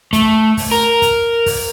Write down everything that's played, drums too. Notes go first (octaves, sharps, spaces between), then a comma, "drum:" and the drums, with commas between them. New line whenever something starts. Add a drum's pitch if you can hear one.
A3, drum: kick, hi-hat
drum: kick, open hi-hat
A#4
drum: kick, hi-hat
drum: kick, open hi-hat